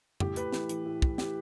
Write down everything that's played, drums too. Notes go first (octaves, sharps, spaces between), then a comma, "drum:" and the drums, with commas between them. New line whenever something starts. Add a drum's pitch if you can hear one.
A2 G4, drum: tom F2
A2 B4, drum: hi-hat
E3, drum: snare
E3, drum: hi-hat
A2
A2, drum: kick
E3 G4, drum: snare